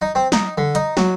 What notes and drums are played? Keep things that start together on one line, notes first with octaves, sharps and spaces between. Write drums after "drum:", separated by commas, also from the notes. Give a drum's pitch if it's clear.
D#4
C4
D#4, drum: snare
D3
D#4, drum: hi-hat
F#3, drum: snare